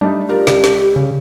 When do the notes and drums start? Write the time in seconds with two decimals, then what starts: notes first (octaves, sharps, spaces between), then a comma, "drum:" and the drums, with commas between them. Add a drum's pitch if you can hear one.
0.01 G3 A3 D4 D#4
0.29 F4 G4 A#4 D5
0.47 C#2, drum: snare
0.64 drum: snare
0.96 C#3